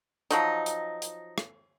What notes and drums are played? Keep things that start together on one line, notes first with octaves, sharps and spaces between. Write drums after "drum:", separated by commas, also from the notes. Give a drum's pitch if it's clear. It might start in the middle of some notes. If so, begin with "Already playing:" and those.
F3 F#3 D#4, drum: hi-hat
drum: hi-hat
drum: hi-hat
drum: rim click